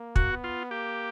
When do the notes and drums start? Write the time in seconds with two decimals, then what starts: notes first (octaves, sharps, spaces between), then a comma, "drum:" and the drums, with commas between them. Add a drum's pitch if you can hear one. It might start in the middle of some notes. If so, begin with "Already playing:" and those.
Already playing: A#3
0.16 F#4, drum: kick
0.30 B3
0.44 F4
0.71 A#3 G4